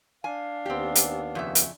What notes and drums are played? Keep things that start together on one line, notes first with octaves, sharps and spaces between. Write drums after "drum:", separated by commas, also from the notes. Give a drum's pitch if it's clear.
D4 F5 G#5
D#2 B3 C4 G4
drum: hi-hat
F2 C#3 E5
drum: hi-hat